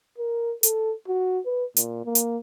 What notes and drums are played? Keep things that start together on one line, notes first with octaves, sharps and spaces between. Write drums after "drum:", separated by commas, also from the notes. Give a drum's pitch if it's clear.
A#4
A4, drum: hi-hat
F#4
B4
A#2, drum: hi-hat
A#3
drum: hi-hat